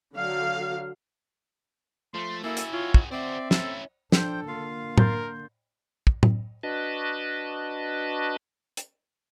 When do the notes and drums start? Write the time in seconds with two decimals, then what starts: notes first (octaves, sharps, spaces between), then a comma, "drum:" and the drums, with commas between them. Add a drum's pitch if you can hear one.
0.15 D3 F#3 F5
2.14 F3 A3 C6
2.44 A#3 E4 F#4 G#4 A4
2.57 drum: hi-hat
2.73 F4 C#5
2.94 F#4 G#4, drum: kick
3.12 C4 F#4 C5 D5 E5
3.51 C#4 E4 A4, drum: snare
4.12 F3 D4 A4 C5 G5, drum: snare
4.48 D3 A#3 F4 F5
4.98 A#4 C6 G6 A6, drum: tom A2
6.07 drum: kick
6.23 drum: tom A2
6.63 D4 F#4 B4 D#5 A5
8.77 drum: hi-hat